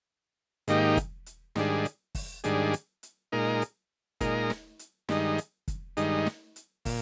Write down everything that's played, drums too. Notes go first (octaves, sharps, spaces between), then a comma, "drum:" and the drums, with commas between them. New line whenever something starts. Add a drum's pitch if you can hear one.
G#2 D#3 A#3 D#4 G4, drum: hi-hat
drum: kick, hi-hat
drum: hi-hat
G#2 D#3 G3 D4 G#4, drum: snare
drum: hi-hat
drum: kick, open hi-hat
G#2 D#3 G3 D4 G#4, drum: hi-hat
drum: hi-hat
drum: hi-hat
A#2 G#3 D#4 A#4
drum: hi-hat
A#2 G#3 D#4 A#4, drum: kick, hi-hat
drum: snare
drum: hi-hat
G2 D#3 G#3 D#4, drum: snare
drum: hi-hat
drum: kick, hi-hat
G2 D#3 G#3 D#4, drum: hi-hat
drum: snare
drum: hi-hat
A#2, drum: kick, open hi-hat